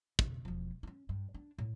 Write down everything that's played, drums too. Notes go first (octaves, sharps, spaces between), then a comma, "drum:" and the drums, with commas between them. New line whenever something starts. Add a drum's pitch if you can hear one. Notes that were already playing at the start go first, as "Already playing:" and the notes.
E1, drum: kick
E1 F3
C#4 D#4
G2
D4
A2